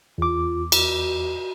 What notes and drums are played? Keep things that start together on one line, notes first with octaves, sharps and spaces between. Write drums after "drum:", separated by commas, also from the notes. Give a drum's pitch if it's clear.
E2 F4 D6
F#4, drum: cymbal